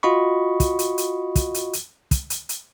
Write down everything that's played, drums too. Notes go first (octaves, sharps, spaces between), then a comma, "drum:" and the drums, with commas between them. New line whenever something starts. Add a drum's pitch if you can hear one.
F4 F#4 D#5 B5 C#6
drum: kick, hi-hat
drum: hi-hat
drum: hi-hat
drum: kick, hi-hat
drum: hi-hat
drum: hi-hat
drum: kick, hi-hat
drum: hi-hat
drum: hi-hat